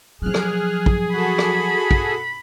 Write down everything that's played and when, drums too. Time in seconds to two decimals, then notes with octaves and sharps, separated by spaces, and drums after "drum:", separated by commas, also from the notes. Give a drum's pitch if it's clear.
0.22 F3 F#3 G#4 F6 F#6
0.34 drum: rim click
0.86 drum: kick
1.12 F#4 A4 B5
1.38 drum: rim click
1.91 drum: kick